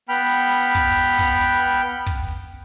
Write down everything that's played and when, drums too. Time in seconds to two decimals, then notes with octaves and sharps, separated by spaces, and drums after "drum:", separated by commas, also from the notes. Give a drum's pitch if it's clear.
0.09 B3 G5 B5 F6
0.31 drum: hi-hat
0.75 drum: kick, hi-hat
1.19 drum: kick, hi-hat
2.06 drum: kick, hi-hat
2.28 drum: hi-hat